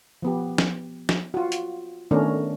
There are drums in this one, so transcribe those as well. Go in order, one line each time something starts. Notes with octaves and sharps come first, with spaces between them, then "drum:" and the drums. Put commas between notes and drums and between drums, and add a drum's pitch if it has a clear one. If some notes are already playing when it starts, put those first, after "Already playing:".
F3 B3 G4
drum: snare
drum: snare
F4 F#4
drum: hi-hat
D#3 A3 B3 C#4 D4 A#4